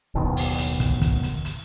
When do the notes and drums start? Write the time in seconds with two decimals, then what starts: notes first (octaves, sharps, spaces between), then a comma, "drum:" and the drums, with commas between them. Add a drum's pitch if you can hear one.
0.15 F#1 D#2 B2 D#3
0.37 drum: open hi-hat
0.58 drum: hi-hat
0.80 drum: kick, hi-hat
1.02 drum: kick, hi-hat
1.23 drum: hi-hat
1.45 drum: hi-hat